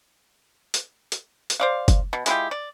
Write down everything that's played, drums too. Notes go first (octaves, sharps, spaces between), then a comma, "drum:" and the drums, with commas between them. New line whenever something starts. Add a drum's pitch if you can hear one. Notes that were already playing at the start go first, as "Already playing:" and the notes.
drum: hi-hat
drum: hi-hat
drum: hi-hat
C5 D5 F5
drum: kick, hi-hat
B2
G#3 E4 F4 G4, drum: hi-hat
D5